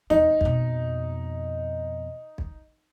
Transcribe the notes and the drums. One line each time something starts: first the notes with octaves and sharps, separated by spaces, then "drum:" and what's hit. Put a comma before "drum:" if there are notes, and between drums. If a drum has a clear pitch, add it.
E2 D#4, drum: tom D#2
F2 B2, drum: kick B1
drum: kick B1